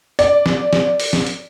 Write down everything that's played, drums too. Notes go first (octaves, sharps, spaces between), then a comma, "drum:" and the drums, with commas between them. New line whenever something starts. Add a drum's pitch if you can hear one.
D5, drum: hi-hat
drum: snare
drum: snare
drum: open hi-hat
drum: snare
drum: hi-hat